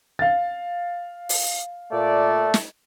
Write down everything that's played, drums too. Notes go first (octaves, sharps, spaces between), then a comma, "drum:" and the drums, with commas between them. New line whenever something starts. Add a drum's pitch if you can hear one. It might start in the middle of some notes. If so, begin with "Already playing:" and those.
F5 A6
drum: open hi-hat
A#2 A3 D5
drum: snare